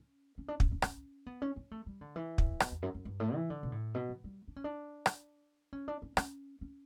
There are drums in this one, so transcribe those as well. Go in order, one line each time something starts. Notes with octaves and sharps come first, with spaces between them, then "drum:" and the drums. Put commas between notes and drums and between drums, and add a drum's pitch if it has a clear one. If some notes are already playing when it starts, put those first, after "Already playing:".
Already playing: C#4
C#4
D4
C#4, drum: kick
C#4
C#4, drum: rim click
B3
C#4
C#4
A3
G3
D3
E3
drum: kick
B2, drum: rim click
E2
F#2
F#2
G2
A2
E3
D3
B2
A2
B2
F#3
G3
D4
C#4
D4
drum: rim click
C#4
D4
C#4
C#4, drum: rim click
C#4